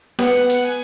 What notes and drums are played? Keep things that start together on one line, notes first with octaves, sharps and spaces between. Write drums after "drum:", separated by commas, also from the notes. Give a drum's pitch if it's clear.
B3 F#5, drum: snare
drum: hi-hat
G#5